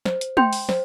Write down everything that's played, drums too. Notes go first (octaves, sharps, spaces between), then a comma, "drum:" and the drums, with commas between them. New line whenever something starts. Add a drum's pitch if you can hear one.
C5, drum: snare
drum: hi-hat
G5 C6 G6, drum: tom
drum: open hi-hat
C5, drum: snare